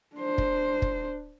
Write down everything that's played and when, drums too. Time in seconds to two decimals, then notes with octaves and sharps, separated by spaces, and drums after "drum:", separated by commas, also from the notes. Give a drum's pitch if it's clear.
0.16 D4 C5
0.38 drum: kick
0.82 drum: kick